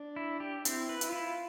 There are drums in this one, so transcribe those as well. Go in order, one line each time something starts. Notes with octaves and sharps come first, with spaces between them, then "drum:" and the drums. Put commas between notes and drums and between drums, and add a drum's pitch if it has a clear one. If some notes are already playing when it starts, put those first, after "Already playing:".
Already playing: D4
E4
G4
C4 E4, drum: hi-hat
B4
F4, drum: hi-hat
E4